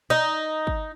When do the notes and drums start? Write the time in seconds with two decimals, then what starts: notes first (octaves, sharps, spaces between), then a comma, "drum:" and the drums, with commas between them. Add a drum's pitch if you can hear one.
0.10 D#4
0.67 drum: kick